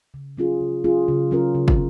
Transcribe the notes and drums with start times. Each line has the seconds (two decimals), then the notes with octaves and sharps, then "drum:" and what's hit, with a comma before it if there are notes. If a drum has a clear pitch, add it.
0.14 C#3
0.37 F#3 C#4 F4 G#4
0.61 C#3
0.84 F#3 C#4 F4 G#4
1.08 C#3
1.31 F#3 C#4 F4 A#4
1.55 C#3
1.68 drum: kick